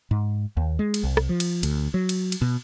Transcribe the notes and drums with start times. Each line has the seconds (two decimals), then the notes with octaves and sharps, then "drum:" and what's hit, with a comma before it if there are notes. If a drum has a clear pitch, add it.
0.11 G#2
0.57 D#2
0.79 G#3
0.94 drum: cymbal
1.04 C2
1.17 drum: rim click
1.29 F3
1.40 drum: cymbal
1.63 D2, drum: cymbal
1.94 F#3
2.09 drum: cymbal
2.32 drum: cymbal
2.42 B2